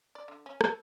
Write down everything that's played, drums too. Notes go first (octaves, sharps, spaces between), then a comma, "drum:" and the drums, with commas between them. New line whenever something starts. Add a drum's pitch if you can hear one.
D5
D3
C#4
A4, drum: rim click